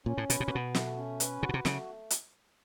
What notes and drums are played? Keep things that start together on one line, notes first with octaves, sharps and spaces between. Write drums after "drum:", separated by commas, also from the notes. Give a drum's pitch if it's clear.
A#2 C#4
A2
B2 B4, drum: hi-hat
B2
A#2
B2 F#4
A3, drum: snare
C#4
B4, drum: hi-hat
C3 F#4
B2
C3
C#3 A3, drum: snare
drum: hi-hat